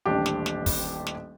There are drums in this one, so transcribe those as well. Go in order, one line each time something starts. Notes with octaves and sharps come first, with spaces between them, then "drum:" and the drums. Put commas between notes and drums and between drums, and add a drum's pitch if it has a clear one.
D#1 A1 D4 G4
drum: snare
drum: snare
drum: kick, open hi-hat
drum: snare